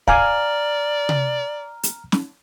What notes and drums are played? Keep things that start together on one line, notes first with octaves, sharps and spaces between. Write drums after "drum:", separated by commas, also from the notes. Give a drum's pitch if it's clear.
D5 F5 G#5 A#5 D6 F6, drum: kick
drum: tom C3
drum: hi-hat
drum: snare